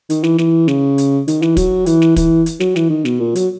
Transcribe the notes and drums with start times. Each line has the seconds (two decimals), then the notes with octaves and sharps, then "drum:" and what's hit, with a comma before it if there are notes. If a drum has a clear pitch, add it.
0.10 D#3, drum: hi-hat
0.24 E3, drum: snare
0.38 E3, drum: snare
0.68 C#3, drum: snare
0.98 drum: hi-hat
1.28 D#3, drum: hi-hat
1.42 E3, drum: snare
1.57 F#3, drum: kick, hi-hat
1.86 E3, drum: hi-hat
2.02 drum: snare
2.16 E3, drum: kick, hi-hat
2.46 drum: hi-hat
2.60 F#3, drum: snare
2.76 E3, drum: snare
2.90 D#3
3.05 B2, drum: snare
3.20 A#2
3.35 F#3, drum: hi-hat